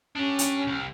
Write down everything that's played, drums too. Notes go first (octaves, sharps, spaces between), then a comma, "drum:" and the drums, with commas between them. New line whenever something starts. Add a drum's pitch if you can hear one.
C#4 D4 G4
drum: hi-hat
C2